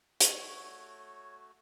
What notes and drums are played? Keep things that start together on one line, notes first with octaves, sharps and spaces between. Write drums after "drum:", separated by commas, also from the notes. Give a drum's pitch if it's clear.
A3 F#4 C#5, drum: hi-hat